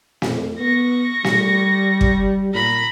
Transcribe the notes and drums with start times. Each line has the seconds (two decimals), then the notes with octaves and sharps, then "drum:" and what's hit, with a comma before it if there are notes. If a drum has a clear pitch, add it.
0.22 F2, drum: snare
0.59 B3 C#6 A#6
1.24 G3, drum: snare
2.01 drum: kick
2.54 A#2 A#5 B5